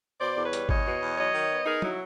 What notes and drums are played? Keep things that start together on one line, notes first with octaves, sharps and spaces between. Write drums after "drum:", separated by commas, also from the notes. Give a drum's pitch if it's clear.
B2 C5 D5
E2
B4 C#5
G3, drum: hi-hat
E2 C#5 D#5, drum: kick G#1
B2
E2
F#3 C#5 D#5
D#3
B3
D#4 G#4 A#4
F#3 E4 F#4, drum: tom F#3